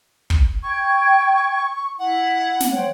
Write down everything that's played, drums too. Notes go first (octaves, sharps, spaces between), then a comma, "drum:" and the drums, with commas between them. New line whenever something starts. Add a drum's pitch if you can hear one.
drum: kick
G5 C#6 G#6
E4 F#5
drum: snare
C5 C#5 G5